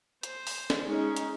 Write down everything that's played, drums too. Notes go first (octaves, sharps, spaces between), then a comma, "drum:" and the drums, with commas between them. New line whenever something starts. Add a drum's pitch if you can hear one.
C5, drum: hi-hat
drum: open hi-hat
drum: snare
G#3 C#4 D#4
drum: hi-hat